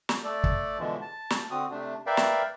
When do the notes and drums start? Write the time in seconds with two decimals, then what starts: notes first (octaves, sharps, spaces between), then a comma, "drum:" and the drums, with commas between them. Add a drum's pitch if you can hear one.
0.09 drum: snare
0.24 A3 A4 D5
0.44 drum: kick
0.78 B2 D3 E3 F3 G#3
1.02 A5
1.30 drum: snare
1.51 D3 C4 F#4 D#6
1.71 C3 A3 D4
2.06 A#4 B4 D5 E5 F5 G5
2.17 drum: snare